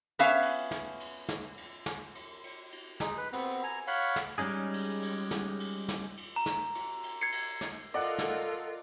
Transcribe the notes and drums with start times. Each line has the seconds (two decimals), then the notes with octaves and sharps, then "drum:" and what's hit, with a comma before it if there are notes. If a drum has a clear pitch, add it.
0.19 B3 C#4 E5 F5
0.42 drum: cymbal
0.71 drum: snare
1.00 drum: cymbal
1.29 drum: snare
1.57 drum: cymbal
1.86 drum: snare
2.15 drum: cymbal
2.44 drum: cymbal
2.72 drum: cymbal
3.00 G#3 D#4, drum: snare
3.17 B4
3.33 B3 C4, drum: cymbal
3.63 G#5 A#5
3.87 C#5 F5 F#5 B5, drum: cymbal
4.16 drum: snare
4.38 G3 G#3 C#4 D#4 G#4
4.74 drum: cymbal
5.02 drum: cymbal
5.31 drum: snare
5.60 drum: cymbal
5.89 drum: snare
6.17 drum: cymbal
6.36 A#5
6.46 drum: snare
6.75 drum: cymbal
7.04 drum: cymbal
7.21 G#6 C7 C#7
7.32 drum: cymbal
7.61 drum: snare
7.94 F4 A4 A#4 D5 D#5 F#5 F#6
8.19 drum: snare